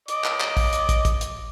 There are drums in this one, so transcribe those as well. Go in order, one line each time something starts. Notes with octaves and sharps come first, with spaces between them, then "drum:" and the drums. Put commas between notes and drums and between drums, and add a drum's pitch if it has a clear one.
D#5 D6, drum: hi-hat
drum: clap
drum: clap
drum: kick, open hi-hat
drum: hi-hat
drum: kick, hi-hat
drum: kick, hi-hat
drum: hi-hat